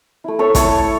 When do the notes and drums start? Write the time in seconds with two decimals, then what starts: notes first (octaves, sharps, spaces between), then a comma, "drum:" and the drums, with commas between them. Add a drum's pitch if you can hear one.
0.24 A3 E4
0.39 A4 C#5
0.55 A3 E4 A4 C#5, drum: kick, hi-hat